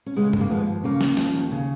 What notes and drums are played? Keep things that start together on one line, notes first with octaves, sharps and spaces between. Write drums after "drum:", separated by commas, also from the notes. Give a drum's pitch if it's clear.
C#4
C#3 G#3 B3
D#2, drum: tom G2
A#3
F3 G#3 B3
D#2
C#3 A#3 C#4
D#2, drum: snare
F3, drum: snare
D#2
C#3